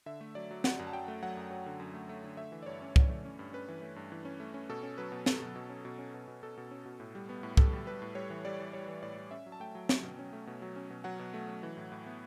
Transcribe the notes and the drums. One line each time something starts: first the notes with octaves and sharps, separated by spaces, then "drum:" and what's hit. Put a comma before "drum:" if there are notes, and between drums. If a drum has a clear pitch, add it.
D3 E5
A3
F#3 D5
F#3
F#2 F#5, drum: snare
F#2
A5
F#3 G5
A3
F#3 F#5
F#2
F#3
D3
F#2
A3
A3
D3
A3 E5
E3
D5
G2 C#5
C#4
E3, drum: kick C2
A3
C#4
G2
C#4 B4
E3
A3
G2
E3
C#4
A3
C#4
B2 A4
C#4
F#3 B4
B2
F#3 A4, drum: snare
B2
B2
C#4
B2
C#4
B2
B2
B2 A4
B2
C#4
B2
A2
G3
B3
A2
G3 A4, drum: kick C2
G3
G3 B4
A2
G3 C#5
E3
G3 D5
E3
G3 C#5
E3
A2 D5
G3
C#4 E5
F#3
A5
A3 G5
F#3
C#4, drum: snare
B2
C#4
A3
B2
F#3
C#4
B2
F#3 F#5
B2
A3
F#3
E3
A2
A2
B3